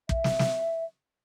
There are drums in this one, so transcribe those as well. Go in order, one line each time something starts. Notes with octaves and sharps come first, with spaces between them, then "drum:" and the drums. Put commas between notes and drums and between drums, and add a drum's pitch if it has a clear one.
E5, drum: kick
drum: snare
drum: snare